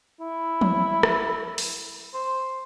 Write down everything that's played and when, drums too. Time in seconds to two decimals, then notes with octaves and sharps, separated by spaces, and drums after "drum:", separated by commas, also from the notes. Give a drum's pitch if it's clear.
0.20 E4
0.61 drum: tom E3
1.03 drum: rim click
1.58 drum: open hi-hat
2.14 C5